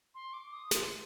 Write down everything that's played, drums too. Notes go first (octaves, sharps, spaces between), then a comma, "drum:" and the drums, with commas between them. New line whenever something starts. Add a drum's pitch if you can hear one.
C6
D6
D#6
C6, drum: snare